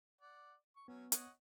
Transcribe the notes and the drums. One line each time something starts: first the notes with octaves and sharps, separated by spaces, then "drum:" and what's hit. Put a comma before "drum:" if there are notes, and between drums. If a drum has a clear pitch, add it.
D5 F#5
C#6
F#3 B3 C#4
C#5 D#5 F#5, drum: hi-hat